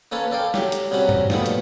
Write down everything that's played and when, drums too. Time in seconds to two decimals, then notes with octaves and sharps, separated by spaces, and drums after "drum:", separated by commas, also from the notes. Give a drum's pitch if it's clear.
0.12 A#3 C#4 A4 B4 C#5
0.31 A4 D5 F5 G5
0.54 F#3 G4, drum: snare
0.72 drum: hi-hat
0.91 C3 F#3 G3 C#4 F#4
1.09 drum: tom G2
1.30 A#2 F3 G3 A3 B3, drum: snare
1.46 drum: hi-hat